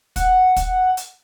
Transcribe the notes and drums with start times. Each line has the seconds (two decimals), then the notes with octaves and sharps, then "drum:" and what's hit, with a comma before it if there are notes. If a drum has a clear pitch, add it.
0.16 F#5, drum: kick, hi-hat
0.56 drum: kick, hi-hat
0.97 drum: hi-hat